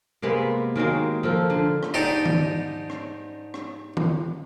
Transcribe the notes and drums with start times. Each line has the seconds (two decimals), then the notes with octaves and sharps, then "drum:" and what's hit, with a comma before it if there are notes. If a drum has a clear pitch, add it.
0.22 C3 G#3 A#3 B3
0.76 D#3 F#3 G#3 A#3
1.23 F3 A4 A#4
1.50 D3
1.83 drum: rim click
1.94 G#2 D4 D#4 G4 D5
2.25 drum: tom D#3
2.90 drum: rim click
3.54 drum: rim click
3.97 drum: tom D#3